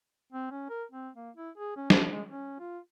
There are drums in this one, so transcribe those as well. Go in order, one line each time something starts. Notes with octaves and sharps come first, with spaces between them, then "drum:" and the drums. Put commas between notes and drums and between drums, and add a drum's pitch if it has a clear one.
C4
C#4
A#4
C4
A#3
E4
G#4
C#4
F3, drum: snare
G#3
C#4
F4